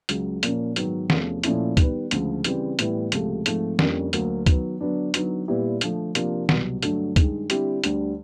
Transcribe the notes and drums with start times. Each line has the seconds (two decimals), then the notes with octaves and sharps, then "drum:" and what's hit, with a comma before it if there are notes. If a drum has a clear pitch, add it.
0.09 C#2 C#3 F#3, drum: hi-hat
0.43 A#2 F3 A#3 C#4, drum: hi-hat
0.76 G#2 D#3 F#3 B3, drum: hi-hat
1.10 E2 C3 F3 A3 C#4, drum: snare
1.43 A#2 F3 A3 C#4 E4, drum: hi-hat
1.77 D#3 G3 B3, drum: kick, hi-hat
2.11 D2 C#3 F3 G#3, drum: hi-hat
2.44 C#3 E3 G3 C4, drum: hi-hat
2.79 A2 E3 G3 B3 E4, drum: hi-hat
3.12 C#2 C3 F3 A3, drum: hi-hat
3.46 G#2 F3 A3 C4, drum: hi-hat
3.79 F2 D3 G3 A#3 C#4, drum: snare
4.13 D2 D3 F#3 A#3, drum: hi-hat
4.46 D#3 F#3 B3, drum: kick, hi-hat
4.81 D3 F#3 B3 D4
5.14 D3 F#3 B3 D#4, drum: hi-hat
5.48 A#2 G3 B3 E4 G4
5.81 D3 F3 A3, drum: hi-hat
6.15 C3 F3 A#3 D4 F4, drum: hi-hat
6.49 C2 B2 F#3, drum: snare
6.83 G2 D3 F#3 A3, drum: hi-hat
7.16 G2 D#3 G#3, drum: kick, hi-hat
7.50 D3 G3 C4 E4 G4, drum: hi-hat
7.84 D2 D3 G3, drum: hi-hat